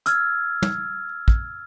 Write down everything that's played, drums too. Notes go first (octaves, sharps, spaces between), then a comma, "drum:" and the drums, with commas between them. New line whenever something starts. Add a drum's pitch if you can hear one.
E6 F6 G#6, drum: hi-hat
drum: tom
drum: kick